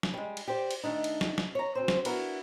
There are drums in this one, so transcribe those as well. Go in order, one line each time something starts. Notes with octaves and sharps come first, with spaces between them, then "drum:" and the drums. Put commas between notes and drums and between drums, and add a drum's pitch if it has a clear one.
drum: snare
G3 G#3
drum: cymbal
G4 C5 D5
drum: cymbal
D#3 A3 D4 D#4
drum: cymbal
drum: snare
drum: snare
C#5 A#5
D2 C4 C5
drum: snare
B3 D4 E4 F#4 A#4, drum: cymbal